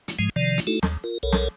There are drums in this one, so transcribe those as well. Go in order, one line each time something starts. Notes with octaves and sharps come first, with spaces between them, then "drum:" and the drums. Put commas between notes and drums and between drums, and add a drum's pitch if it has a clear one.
drum: hi-hat
G#2 F3 G#3
C3 D#3 F3 D5
drum: hi-hat
A3 D#4 E4 F#4 A4
D#2, drum: snare
F4 A#4
B1 A4 A#4 C#5
drum: snare